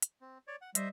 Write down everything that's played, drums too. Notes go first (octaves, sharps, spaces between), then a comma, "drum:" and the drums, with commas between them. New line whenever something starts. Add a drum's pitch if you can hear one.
drum: hi-hat
C4
C#5 D5
F#5
G3 C5 D#5 E5, drum: hi-hat